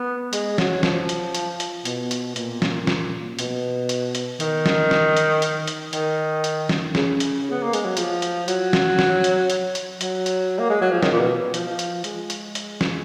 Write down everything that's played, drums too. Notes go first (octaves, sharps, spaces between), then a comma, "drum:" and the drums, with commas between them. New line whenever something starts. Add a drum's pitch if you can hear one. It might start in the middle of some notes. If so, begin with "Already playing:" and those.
Already playing: B3
G#3, drum: hi-hat
F#3, drum: snare
F3, drum: snare
drum: hi-hat
drum: hi-hat
drum: hi-hat
B2, drum: hi-hat
drum: hi-hat
A#2, drum: hi-hat
drum: snare
drum: snare
B2, drum: hi-hat
drum: hi-hat
drum: hi-hat
D#3, drum: hi-hat
drum: snare
drum: snare
drum: hi-hat
drum: hi-hat
drum: hi-hat
D#3, drum: hi-hat
drum: hi-hat
drum: snare
C#3, drum: snare
drum: hi-hat
B3
A#3
G#3, drum: hi-hat
F#3
F3, drum: hi-hat
drum: hi-hat
F#3, drum: hi-hat
drum: snare
drum: snare
drum: hi-hat
drum: hi-hat
drum: hi-hat
F#3, drum: hi-hat
drum: hi-hat
A#3
G#3
F#3
F3
D#3, drum: snare
A#2
B2
F3, drum: hi-hat
drum: hi-hat
G#3, drum: hi-hat
drum: hi-hat
drum: hi-hat
drum: snare